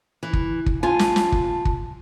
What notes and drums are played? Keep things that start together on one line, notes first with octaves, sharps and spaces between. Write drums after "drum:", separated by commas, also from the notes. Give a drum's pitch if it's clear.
E3
drum: kick
drum: kick
F4 G#5 A5
drum: snare
drum: snare
drum: kick
drum: kick